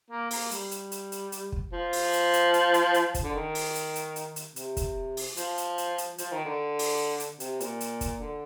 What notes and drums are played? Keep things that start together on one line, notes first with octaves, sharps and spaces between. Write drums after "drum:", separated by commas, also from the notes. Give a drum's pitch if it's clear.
A#3
A#3, drum: open hi-hat
G3, drum: hi-hat
drum: hi-hat
drum: hi-hat
drum: hi-hat
drum: hi-hat
drum: kick
F3
drum: open hi-hat
drum: hi-hat
drum: hi-hat
drum: hi-hat
drum: hi-hat
drum: hi-hat
drum: kick, hi-hat
D3
D#3
drum: open hi-hat
drum: hi-hat
drum: hi-hat
drum: hi-hat
drum: hi-hat
C3, drum: hi-hat
drum: kick, hi-hat
drum: open hi-hat
F3, drum: hi-hat
drum: hi-hat
drum: hi-hat
drum: hi-hat
F3, drum: hi-hat
D#3
D3
drum: open hi-hat
drum: hi-hat
C3, drum: hi-hat
A#2, drum: hi-hat
drum: hi-hat
drum: kick, hi-hat
D3